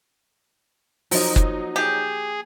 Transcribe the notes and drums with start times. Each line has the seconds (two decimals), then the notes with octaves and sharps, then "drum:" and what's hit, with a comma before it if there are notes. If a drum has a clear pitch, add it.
1.11 F3 F#3 A#3 D#4, drum: open hi-hat
1.36 drum: kick F#1
1.76 G4 G#4